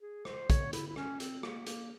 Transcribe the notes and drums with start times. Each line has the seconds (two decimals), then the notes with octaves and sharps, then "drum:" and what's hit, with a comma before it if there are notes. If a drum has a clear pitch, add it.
0.02 G#4
0.25 C5, drum: rim click
0.50 C#5, drum: kick, hi-hat
0.73 E4, drum: hi-hat
0.88 E4
0.96 C#4, drum: rim click
1.20 C4, drum: hi-hat
1.43 A#3, drum: rim click
1.67 A#3, drum: hi-hat